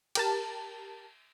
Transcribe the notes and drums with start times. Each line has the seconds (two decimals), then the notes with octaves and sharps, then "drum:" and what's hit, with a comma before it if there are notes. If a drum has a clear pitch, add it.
0.15 G4 A#4 A5, drum: cymbal